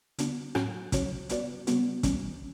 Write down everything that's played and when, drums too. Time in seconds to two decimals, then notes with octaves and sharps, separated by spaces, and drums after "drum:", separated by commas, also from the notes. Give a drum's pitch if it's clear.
0.18 D3 G3 B3 D4 F#4, drum: hi-hat
0.55 A2 F#3 C#4 F#4 A4, drum: rim click
0.92 C#3 F#3 C#4 F#4 C#5, drum: kick, hi-hat
1.29 G3 B3 F#4 B4 D5, drum: hi-hat
1.67 C#3 G3 B3 F#4, drum: hi-hat
2.03 E3 G3 C#4, drum: kick, hi-hat